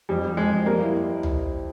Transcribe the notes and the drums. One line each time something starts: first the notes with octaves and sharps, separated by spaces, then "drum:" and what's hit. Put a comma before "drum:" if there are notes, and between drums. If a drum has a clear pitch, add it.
F2 G3
F2
F2 G#3
F2
G3 A#3
E4
drum: tom